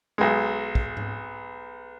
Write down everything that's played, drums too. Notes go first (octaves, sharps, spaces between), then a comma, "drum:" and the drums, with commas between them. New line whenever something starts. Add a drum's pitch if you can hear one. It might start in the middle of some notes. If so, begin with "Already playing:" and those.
B1 G#3
drum: kick
drum: tom G#2